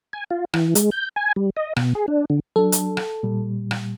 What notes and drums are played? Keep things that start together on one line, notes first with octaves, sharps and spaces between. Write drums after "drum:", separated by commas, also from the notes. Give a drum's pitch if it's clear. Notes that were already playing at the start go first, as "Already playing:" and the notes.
G#5
F4
E3, drum: rim click
G#3, drum: hi-hat
G6
G#5
G3
D#5
B2, drum: rim click
G#4
D4
D3
F#3 D4 A4
drum: hi-hat
drum: rim click
A#2 G3
drum: rim click